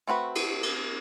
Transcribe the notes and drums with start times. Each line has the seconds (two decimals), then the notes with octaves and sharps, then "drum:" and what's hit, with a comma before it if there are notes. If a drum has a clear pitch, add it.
0.07 A3 C4 F#4 B4
0.35 drum: cymbal
0.63 drum: cymbal